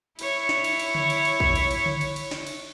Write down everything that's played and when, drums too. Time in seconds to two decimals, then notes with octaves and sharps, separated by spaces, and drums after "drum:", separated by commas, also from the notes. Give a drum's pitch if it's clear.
0.19 E4 C#5, drum: cymbal
0.49 drum: snare
0.64 drum: cymbal
0.79 drum: cymbal
0.95 drum: tom C#3
1.10 drum: cymbal
1.25 drum: cymbal
1.40 drum: kick
1.55 drum: cymbal
1.71 drum: cymbal
1.86 drum: tom C#3
2.01 drum: cymbal
2.16 drum: cymbal
2.31 drum: snare
2.47 drum: cymbal